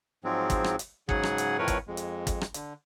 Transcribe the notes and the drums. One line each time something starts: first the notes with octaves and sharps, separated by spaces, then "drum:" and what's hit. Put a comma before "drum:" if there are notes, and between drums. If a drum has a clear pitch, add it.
G#2 F3 F#3 G#3 C4
drum: kick, hi-hat
drum: rim click
drum: hi-hat
G#2 C#3 F#3 G#4 F#5, drum: kick
drum: rim click
drum: hi-hat
F2 A2 A3 A#4 B4 C#5
drum: kick, hi-hat
F2 G#3
drum: hi-hat
drum: kick, hi-hat
drum: rim click
D3, drum: hi-hat